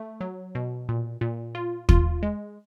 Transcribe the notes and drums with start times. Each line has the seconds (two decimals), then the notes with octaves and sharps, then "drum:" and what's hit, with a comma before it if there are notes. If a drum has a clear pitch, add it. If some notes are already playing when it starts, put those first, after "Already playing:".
Already playing: A3
0.21 F#3
0.55 B2
0.89 A#2
1.21 A#2
1.55 F4
1.89 F4, drum: kick
2.23 G#3